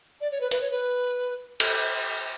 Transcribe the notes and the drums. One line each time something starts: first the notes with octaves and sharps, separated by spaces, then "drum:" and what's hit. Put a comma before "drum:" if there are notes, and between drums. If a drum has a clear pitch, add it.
D5
C#5
B4
B4, drum: hi-hat
C#5
B4
drum: cymbal